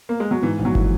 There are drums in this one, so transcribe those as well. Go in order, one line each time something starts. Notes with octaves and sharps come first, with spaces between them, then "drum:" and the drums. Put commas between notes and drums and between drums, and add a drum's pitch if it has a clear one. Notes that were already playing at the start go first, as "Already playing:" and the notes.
A#3
G#3
F#3
G#2 E3
A#1
F#3
E3, drum: kick